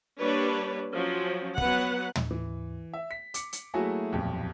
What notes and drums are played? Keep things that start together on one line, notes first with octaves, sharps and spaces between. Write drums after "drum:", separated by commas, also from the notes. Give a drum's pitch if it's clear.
G3 A#3 D4 B4 C#5
F3 F#3 C#4
F#3 B3 B4 F#5, drum: kick
drum: tom
E3
E5
B6
D6 C#7, drum: hi-hat
drum: hi-hat
F#3 A3 A#3 E4 F#4 G#4
D#1 B1 F2